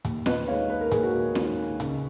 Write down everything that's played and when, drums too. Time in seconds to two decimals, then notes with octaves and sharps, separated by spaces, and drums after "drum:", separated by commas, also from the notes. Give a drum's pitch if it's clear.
0.05 D#2, drum: hi-hat
0.26 B4 D#5, drum: snare
0.47 D#3 G#3 C#5 F5
0.70 B4
0.81 A#4
0.91 D#2 G#4, drum: hi-hat
1.03 F#4 A#4
1.35 D#3 G#3, drum: snare
1.80 C#2, drum: hi-hat